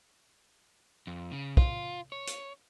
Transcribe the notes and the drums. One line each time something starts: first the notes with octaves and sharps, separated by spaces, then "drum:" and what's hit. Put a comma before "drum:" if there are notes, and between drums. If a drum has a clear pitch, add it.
F2
C#3
F4, drum: kick
C#5
drum: hi-hat